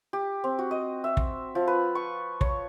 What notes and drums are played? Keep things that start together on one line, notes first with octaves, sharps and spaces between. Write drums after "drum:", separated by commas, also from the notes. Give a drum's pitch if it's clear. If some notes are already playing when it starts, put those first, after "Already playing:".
G4
C4
F#4
D#5
E5
drum: kick
F3
B4
C#6
C#5, drum: kick